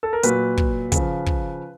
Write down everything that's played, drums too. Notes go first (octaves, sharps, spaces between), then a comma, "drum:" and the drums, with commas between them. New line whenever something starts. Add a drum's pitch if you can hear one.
A4
A#4
A#2 F#3 B4, drum: hi-hat
drum: kick
C#3 F3, drum: kick, hi-hat
drum: kick